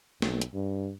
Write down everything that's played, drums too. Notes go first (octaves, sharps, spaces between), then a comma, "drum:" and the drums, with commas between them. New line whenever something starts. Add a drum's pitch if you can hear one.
B1, drum: snare A3
drum: hi-hat
G2